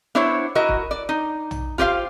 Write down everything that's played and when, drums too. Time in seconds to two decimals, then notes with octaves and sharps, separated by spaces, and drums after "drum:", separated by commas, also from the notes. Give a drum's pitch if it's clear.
0.15 B3 D4 E4 C5 C#5
0.55 E4 F#4 A#4 D#5
0.69 drum: kick
0.91 D5
1.09 D#4
1.51 drum: tom
1.78 F4 G4 C5 F5, drum: kick